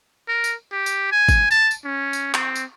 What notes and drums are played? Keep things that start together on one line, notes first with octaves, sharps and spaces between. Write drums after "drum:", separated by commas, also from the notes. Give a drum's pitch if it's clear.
A#4
drum: tambourine
G4
drum: tambourine
G#5
drum: kick, tambourine
A5, drum: tambourine
drum: tambourine
C#4
drum: tambourine
C4, drum: clap
drum: tambourine